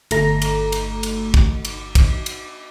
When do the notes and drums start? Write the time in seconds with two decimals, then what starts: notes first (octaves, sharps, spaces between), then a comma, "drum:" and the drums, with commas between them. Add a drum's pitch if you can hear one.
0.11 G1 A3 A#5, drum: cymbal
0.42 drum: cymbal
0.72 drum: cymbal
1.03 drum: cymbal
1.34 drum: kick
1.65 drum: cymbal
1.95 drum: kick, cymbal
2.26 drum: cymbal